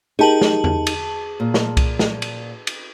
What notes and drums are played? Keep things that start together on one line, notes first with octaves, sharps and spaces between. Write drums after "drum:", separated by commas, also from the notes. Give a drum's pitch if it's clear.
D#4 G4 G#4 A#4 A5 F#7
drum: snare
drum: tom E2
drum: cymbal
A#2
drum: snare
drum: kick C2, cymbal
drum: snare
drum: cymbal
drum: cymbal